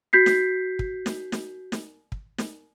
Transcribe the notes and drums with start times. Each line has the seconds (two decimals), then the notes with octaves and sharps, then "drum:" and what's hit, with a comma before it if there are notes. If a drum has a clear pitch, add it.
0.13 F#4 G6 B6 C7
0.26 drum: snare
0.79 drum: kick
1.06 drum: snare
1.32 drum: snare
1.72 drum: snare
2.12 drum: kick
2.38 drum: snare